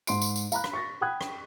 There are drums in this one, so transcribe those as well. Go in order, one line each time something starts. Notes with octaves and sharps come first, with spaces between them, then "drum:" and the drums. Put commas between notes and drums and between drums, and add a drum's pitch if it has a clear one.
G#2 C6 D7, drum: tambourine
drum: tambourine
drum: tambourine
F5 A#5 B5 F#6, drum: tambourine
drum: rim click
C#6 A6 A#6
F#5 G5 B5 D#6 F#6 G#6
drum: rim click